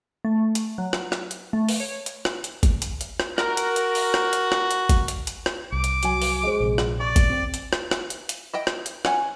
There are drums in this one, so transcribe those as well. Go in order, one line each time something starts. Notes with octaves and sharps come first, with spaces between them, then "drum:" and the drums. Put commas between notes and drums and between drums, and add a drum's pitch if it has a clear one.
A3
drum: hi-hat
F#3
drum: rim click
drum: rim click
drum: hi-hat
A3
drum: open hi-hat
C#5
drum: hi-hat
drum: rim click
drum: hi-hat
drum: kick, hi-hat
drum: hi-hat
drum: hi-hat
drum: rim click
F#4 A#4 A#5, drum: rim click
drum: hi-hat
drum: hi-hat
drum: open hi-hat
drum: rim click
drum: hi-hat
drum: rim click
drum: hi-hat
drum: kick, hi-hat
drum: hi-hat
drum: hi-hat
drum: rim click
C2 D6
drum: hi-hat
F#3 G#5, drum: hi-hat
drum: open hi-hat
G#3 C5
A#1 C3
drum: rim click
D5 C#6
drum: kick, hi-hat
C4
drum: hi-hat
drum: rim click
drum: rim click
drum: hi-hat
drum: hi-hat
E4 D#5 G5
drum: rim click
drum: hi-hat
C#4 F#5 G#5, drum: rim click